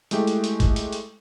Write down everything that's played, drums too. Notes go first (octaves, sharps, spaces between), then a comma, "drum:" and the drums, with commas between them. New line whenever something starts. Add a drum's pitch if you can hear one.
G#3 A3 E4 G4, drum: hi-hat
drum: hi-hat
drum: hi-hat
drum: kick A1, hi-hat
drum: hi-hat
drum: hi-hat